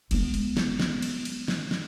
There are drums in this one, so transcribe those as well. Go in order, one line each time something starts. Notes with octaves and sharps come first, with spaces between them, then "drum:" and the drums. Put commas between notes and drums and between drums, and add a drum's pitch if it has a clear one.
G#3 B3, drum: cymbal
drum: cymbal
drum: snare
drum: snare
drum: cymbal
drum: cymbal
drum: snare
drum: snare